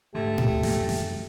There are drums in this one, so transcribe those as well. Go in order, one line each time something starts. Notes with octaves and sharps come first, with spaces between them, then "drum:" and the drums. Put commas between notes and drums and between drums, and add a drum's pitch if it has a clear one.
G#2 D3 A3 G4
drum: tom A2
F#2, drum: snare
drum: snare